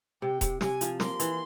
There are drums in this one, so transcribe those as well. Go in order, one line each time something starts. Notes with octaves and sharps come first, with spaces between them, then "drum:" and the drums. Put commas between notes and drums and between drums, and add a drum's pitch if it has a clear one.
C3 G5
C3, drum: kick D#1, hi-hat
C3 G#5, drum: snare
F3, drum: hi-hat
A#3 C6, drum: snare
E3, drum: hi-hat